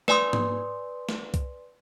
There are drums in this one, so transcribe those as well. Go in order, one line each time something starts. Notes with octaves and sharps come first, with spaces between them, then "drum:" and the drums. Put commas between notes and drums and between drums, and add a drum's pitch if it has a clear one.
B4 D5 G#5 C6 D#6, drum: snare
drum: tom
drum: snare
drum: kick C2, hi-hat